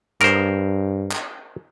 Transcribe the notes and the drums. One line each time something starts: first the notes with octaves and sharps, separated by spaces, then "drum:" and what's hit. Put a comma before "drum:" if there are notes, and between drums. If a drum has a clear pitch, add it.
G2 A#4 C5, drum: clap
drum: clap